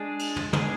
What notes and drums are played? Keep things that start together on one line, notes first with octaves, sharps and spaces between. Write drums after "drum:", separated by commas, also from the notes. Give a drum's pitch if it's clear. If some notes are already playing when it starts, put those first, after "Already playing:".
Already playing: G#3 D4 G#4
drum: cymbal
drum: tom
G#3 B3 D4 G#4, drum: tom